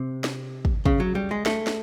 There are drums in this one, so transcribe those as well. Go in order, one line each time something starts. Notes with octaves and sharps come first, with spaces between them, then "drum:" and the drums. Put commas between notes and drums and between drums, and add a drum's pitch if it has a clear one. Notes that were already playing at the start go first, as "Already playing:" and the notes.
Already playing: C3
drum: snare
drum: kick
C#3, drum: kick
F#3
G3
G#3
A3, drum: snare
drum: snare